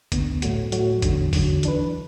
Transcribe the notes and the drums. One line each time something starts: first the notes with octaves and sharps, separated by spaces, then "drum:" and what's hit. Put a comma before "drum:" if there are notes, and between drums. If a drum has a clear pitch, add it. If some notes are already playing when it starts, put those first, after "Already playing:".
D2 D3 B3, drum: kick G1, hi-hat
A2 F#3 A3 F#4, drum: hi-hat
A2 F#3 A3 F#4, drum: hi-hat
E2 D3 F#3, drum: kick G1, hi-hat
E2 D3 F#3, drum: kick G1, open hi-hat
E3 D4 B4, drum: hi-hat